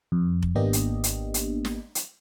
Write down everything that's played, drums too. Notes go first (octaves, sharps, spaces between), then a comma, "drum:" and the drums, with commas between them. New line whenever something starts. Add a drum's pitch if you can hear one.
F2
drum: kick F1
G#1 A#3 B3 D4 G4 D#5
drum: hi-hat
drum: hi-hat
drum: hi-hat
drum: snare
drum: hi-hat